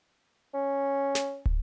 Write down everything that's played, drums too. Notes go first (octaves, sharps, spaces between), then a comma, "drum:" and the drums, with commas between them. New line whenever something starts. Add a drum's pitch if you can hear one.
C#4
drum: snare
drum: kick